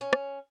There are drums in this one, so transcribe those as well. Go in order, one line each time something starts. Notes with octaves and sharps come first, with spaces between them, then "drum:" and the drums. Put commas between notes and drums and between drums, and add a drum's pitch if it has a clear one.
C#4
drum: rim click